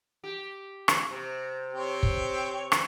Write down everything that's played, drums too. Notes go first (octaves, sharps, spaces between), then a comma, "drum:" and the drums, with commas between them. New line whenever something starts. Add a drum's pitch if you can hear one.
G4
drum: rim click
C3
C4 G4 C#5
drum: kick
drum: rim click